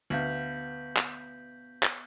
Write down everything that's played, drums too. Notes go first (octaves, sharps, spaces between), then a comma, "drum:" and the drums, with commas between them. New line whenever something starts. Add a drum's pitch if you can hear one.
D2 B3 F5 G6 B6 F#7
drum: clap
drum: clap